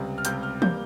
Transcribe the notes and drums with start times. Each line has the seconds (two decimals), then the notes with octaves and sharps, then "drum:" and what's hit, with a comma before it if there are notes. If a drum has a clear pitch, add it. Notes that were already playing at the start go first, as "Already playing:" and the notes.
Already playing: C#2 C3 G3
0.18 F6
0.25 C#2 C3 G3 G6, drum: hi-hat
0.43 F6
0.62 G3 A#3 G6, drum: tom E3